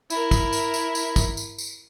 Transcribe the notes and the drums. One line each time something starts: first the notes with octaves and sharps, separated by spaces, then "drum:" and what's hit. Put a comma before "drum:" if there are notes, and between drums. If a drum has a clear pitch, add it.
E4 A#4, drum: tambourine
drum: kick, tambourine
drum: tambourine
drum: tambourine
drum: tambourine
drum: kick, tambourine
drum: tambourine
drum: tambourine